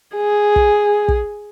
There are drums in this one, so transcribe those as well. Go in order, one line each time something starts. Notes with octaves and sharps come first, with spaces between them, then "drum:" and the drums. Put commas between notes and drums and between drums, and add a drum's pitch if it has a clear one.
G#4
drum: kick
drum: kick